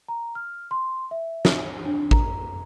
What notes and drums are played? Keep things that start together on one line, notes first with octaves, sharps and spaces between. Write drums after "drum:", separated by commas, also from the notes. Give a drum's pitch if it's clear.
A#5
F6
C6
E5
drum: snare
D4
A#5, drum: kick